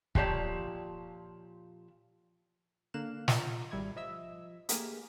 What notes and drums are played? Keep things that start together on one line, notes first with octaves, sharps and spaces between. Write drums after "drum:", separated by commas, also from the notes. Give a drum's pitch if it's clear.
A#2 F3 G4 C#5 D5 A5, drum: kick
D3 A#3 F5 F#6 E7
F4 A5 A#5, drum: snare
G#1 G3 E4 G#6
F3 D#5 E5 E6
A3 A#3 G4 G#4 A#4, drum: hi-hat